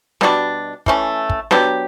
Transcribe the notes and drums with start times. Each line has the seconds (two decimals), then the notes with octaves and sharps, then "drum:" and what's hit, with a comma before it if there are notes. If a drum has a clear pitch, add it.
0.21 B2 G3 D4 F#4, drum: snare
0.86 E3 A3 C#4, drum: kick
1.30 drum: kick
1.51 F#3 B3 D4 G4, drum: snare